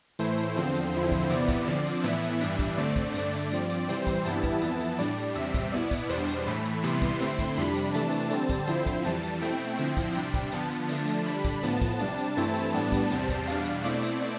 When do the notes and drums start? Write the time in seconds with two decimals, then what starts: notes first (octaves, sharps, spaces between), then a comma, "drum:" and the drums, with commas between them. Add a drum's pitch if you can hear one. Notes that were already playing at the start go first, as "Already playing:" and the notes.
0.19 A2 E3 A3 E4 C5, drum: tambourine
0.38 drum: tambourine
0.56 E2 D3 F3 C4, drum: tambourine
0.75 drum: tambourine
0.93 E2 D3 F3 C4 E4
1.12 drum: kick, tambourine
1.30 E2 C3 E3 B3 E4 D5, drum: tambourine
1.49 drum: kick, tambourine
1.67 D3 F3 C4, drum: tambourine
1.85 drum: tambourine
2.04 A2 E3 B3 E4 E5, drum: tambourine
2.22 drum: tambourine
2.41 G2 E3 G3 D4, drum: tambourine
2.59 drum: kick, tambourine
2.77 D3 A3 C4 D5
2.96 drum: kick, tambourine
3.14 G2 D3 A3 D4, drum: tambourine
3.33 drum: tambourine
3.51 G2 F3 C4, drum: tambourine
3.70 drum: tambourine
3.88 C3 E3 G3 C4 C5, drum: tambourine
4.07 drum: kick, tambourine
4.25 G2 E3 G3 B3 E4 A5, drum: tambourine
4.44 drum: kick, tambourine
4.62 F2 E3 B3 E4, drum: tambourine
4.81 drum: tambourine
4.99 A2 G3 D4 D5, drum: tambourine
5.17 drum: tambourine
5.35 E2 C3 G3 C4 E5, drum: tambourine
5.54 drum: kick, tambourine
5.72 B2 B3 E4 D5
5.91 drum: kick, tambourine
6.09 E2 B2 G3 D4 C5, drum: tambourine
6.28 drum: tambourine
6.46 A2 E3 A3 B5, drum: tambourine
6.65 drum: tambourine
6.83 C3 E3 G3 B3 E4 C6, drum: tambourine
7.02 drum: kick, tambourine
7.20 D3 A3 C4 E4, drum: tambourine
7.39 drum: kick, tambourine
7.57 F2 C3 G3 D4 B5, drum: tambourine
7.76 drum: tambourine
7.94 C3 E3 A3 D4 A5, drum: tambourine
8.13 drum: tambourine
8.31 D3 G3 C4 A5, drum: tambourine
8.49 drum: kick, tambourine
8.67 D3 F3 C4 E4 C5, drum: tambourine
8.86 drum: kick, tambourine
9.05 F2 E3 G3 A5, drum: tambourine
9.23 drum: tambourine
9.41 B2 A3 C4 E4 G5, drum: tambourine
9.60 drum: tambourine
9.79 D3 F3 C4 E4 G5, drum: tambourine
9.97 drum: kick, tambourine
10.15 C3 G3 D4, drum: tambourine
10.34 drum: kick, tambourine
10.52 D3 F3 B3 A5, drum: tambourine
10.71 drum: tambourine
10.89 D3 F3 A3 D4, drum: tambourine
11.08 drum: tambourine
11.26 D3 G3 D4 B5, drum: tambourine
11.45 drum: kick, tambourine
11.63 A2 F3 B3 A5, drum: tambourine
11.81 drum: kick, tambourine
12.00 C3 G3 D4, drum: tambourine
12.18 drum: tambourine
12.37 G2 E3 A3 C4 E4 A5, drum: tambourine
12.55 drum: tambourine
12.74 A2 G3 B3 D4, drum: tambourine
12.92 drum: kick, tambourine
13.10 E2 C3 G3 C4, drum: tambourine
13.29 drum: kick, tambourine
13.47 E2 B2 G3 D4 F5, drum: tambourine
13.66 drum: tambourine
13.84 B2 A3 C4 E4 D5, drum: tambourine
14.03 drum: tambourine
14.21 drum: tambourine